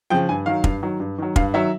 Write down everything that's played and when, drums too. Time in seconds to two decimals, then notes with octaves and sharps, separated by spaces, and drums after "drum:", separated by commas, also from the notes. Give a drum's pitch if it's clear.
0.10 C#3 F3 G5
0.29 G2 G#5
0.46 D#3 F#3 F5
0.64 G2, drum: kick
0.83 D#3 F#3
1.00 G2
1.18 D#3 F#3
1.36 G2 F5, drum: kick
1.54 D#3 F#3 E5